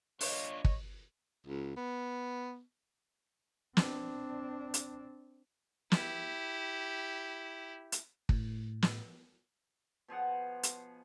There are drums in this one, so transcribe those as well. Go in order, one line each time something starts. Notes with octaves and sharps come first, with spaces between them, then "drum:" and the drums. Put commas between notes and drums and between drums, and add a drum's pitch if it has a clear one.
D4 F4 C#5 D#5, drum: open hi-hat
drum: kick
C#2
B3
C4 D4, drum: snare
drum: hi-hat
E4 G4, drum: snare
drum: hi-hat
A2, drum: kick
drum: snare
B2 F3 G#4 F#5
drum: hi-hat